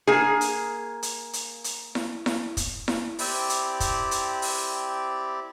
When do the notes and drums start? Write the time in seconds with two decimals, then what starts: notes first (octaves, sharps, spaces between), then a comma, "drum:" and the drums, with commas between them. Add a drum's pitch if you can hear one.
0.07 A#3 G#4
0.41 drum: hi-hat
1.03 drum: hi-hat
1.33 drum: hi-hat
1.64 drum: hi-hat
1.95 drum: snare E4
2.26 drum: snare E4
2.57 drum: kick, hi-hat
2.88 drum: snare E4
3.19 C4 E4 G4 D5, drum: open hi-hat
3.49 drum: hi-hat
3.80 drum: kick, hi-hat
4.11 drum: hi-hat
4.42 drum: open hi-hat